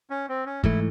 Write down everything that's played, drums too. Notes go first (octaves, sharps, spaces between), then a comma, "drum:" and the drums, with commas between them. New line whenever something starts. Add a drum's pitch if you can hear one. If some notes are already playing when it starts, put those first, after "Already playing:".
C#4
C4
C#4
G#2 E3 A3 E4, drum: kick F#1